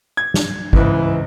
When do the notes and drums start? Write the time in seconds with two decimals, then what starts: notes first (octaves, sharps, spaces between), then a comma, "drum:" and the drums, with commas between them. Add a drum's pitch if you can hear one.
0.17 G#6
0.34 drum: snare
0.73 C#2 G#2 E3, drum: kick